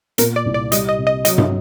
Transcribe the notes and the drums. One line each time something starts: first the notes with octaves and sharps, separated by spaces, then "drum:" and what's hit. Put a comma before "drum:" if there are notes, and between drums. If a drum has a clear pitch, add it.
A#2 A#4, drum: hi-hat
D5
C2
D5
G3 D#5, drum: hi-hat
D#5
C3
D#5
F#3 D#5, drum: hi-hat
drum: tom